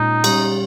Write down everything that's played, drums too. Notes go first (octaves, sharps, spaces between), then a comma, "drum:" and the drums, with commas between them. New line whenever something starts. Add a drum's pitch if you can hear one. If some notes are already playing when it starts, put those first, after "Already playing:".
Already playing: A#2 G#3 C#4 D#4
G3 C#4 G4, drum: cymbal